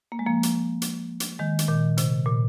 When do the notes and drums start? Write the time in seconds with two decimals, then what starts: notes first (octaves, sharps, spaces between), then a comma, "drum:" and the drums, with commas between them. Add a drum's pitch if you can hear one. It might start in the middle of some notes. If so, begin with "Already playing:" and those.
0.12 A#3
0.19 G#3
0.26 F3 A#3
0.43 drum: hi-hat
0.82 drum: hi-hat
1.20 drum: hi-hat
1.39 D#3 G#3
1.59 drum: hi-hat
1.68 A#2 D#3
1.97 C3, drum: hi-hat
2.26 A#2